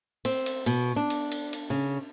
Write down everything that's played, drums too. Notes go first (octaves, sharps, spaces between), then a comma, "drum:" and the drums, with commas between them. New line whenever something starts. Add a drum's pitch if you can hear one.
C4, drum: cymbal
drum: cymbal
B2, drum: cymbal
D4
drum: cymbal
drum: cymbal
drum: cymbal
C#3